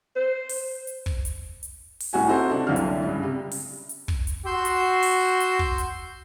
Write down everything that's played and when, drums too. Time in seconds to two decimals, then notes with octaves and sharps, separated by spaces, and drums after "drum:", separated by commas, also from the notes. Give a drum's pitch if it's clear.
0.16 C5
0.49 drum: open hi-hat
0.87 drum: hi-hat
1.06 drum: kick
1.25 drum: hi-hat
1.63 drum: hi-hat
2.00 drum: open hi-hat
2.13 C2 A2 F#4 G#5
2.27 C4 D#4 E4 F#4 A4 C5
2.50 C3 D4 A4
2.67 F#1 C2 D3 F4 F6
2.76 drum: hi-hat
3.06 G2 C#3
3.23 C3
3.51 drum: open hi-hat
3.89 drum: hi-hat
4.08 drum: kick
4.27 drum: hi-hat
4.46 F#4 C6 E6 G6
4.65 drum: hi-hat
5.03 drum: open hi-hat
5.40 drum: hi-hat
5.59 drum: kick
5.78 drum: hi-hat